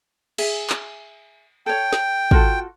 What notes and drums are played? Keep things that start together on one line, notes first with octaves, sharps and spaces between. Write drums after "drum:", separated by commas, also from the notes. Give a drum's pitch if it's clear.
G#4 E5 G#5, drum: cymbal
drum: clap
A4 C#5 G5
drum: snare
F4 F#4 A4, drum: kick